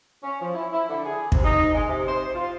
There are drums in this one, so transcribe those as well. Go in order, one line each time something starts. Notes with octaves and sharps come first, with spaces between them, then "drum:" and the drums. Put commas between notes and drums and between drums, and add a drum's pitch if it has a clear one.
C#4
F3
E4
E4
D3
G#4
C3, drum: kick
D#4
G#3
C3
C5
F4